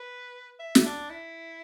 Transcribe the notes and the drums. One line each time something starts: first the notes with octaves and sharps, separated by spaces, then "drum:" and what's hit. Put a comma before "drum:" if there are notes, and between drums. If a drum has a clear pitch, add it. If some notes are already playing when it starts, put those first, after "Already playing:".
Already playing: B4
E5
drum: snare
D4
E4